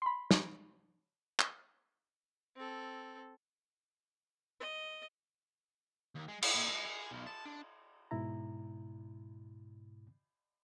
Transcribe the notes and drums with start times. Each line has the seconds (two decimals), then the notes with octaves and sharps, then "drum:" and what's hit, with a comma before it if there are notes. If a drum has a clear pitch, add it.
0.02 B5 C6
0.31 drum: snare
1.40 drum: clap
2.56 C4 A4
4.60 D#5
6.16 D#2
6.28 G#3
6.42 G4, drum: cymbal
6.55 A#2
6.68 G#3
6.85 G#4
7.11 B1
7.27 A5
7.46 D4
8.11 G#2 B2 E4 A#5